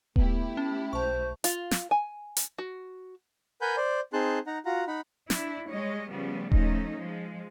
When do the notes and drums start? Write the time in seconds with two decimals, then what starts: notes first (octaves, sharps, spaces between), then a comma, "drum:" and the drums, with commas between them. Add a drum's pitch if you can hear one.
0.16 A3 B3 E4 G4, drum: kick D#1
0.57 C#4
0.93 B1 C5 A5 C#6
1.44 F4, drum: hi-hat
1.71 drum: snare
1.91 G#5
2.37 drum: hi-hat
2.58 F#4
3.62 A#4 B4 F#5 G#5 B5 G6
3.77 C5 D5
4.13 C4 D#4 G#4 A5 C6 F#6
4.47 D#4 F#5 A#5
4.66 F4 F#4 F#5 A#5
4.87 D#4 F#5 B5
5.30 D4 E4, drum: snare
5.70 G3 G#3 C#5 D#5
6.09 C#3 F3 G3 A3 B3
6.52 F3 A3 C#4 D#4, drum: kick D#1
6.99 F3 G#3